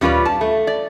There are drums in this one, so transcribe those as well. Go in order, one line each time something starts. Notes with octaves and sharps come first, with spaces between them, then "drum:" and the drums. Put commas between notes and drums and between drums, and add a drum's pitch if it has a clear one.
G3 C#4 F4 G4 B4 D5, drum: tom D2
A5
A3
D5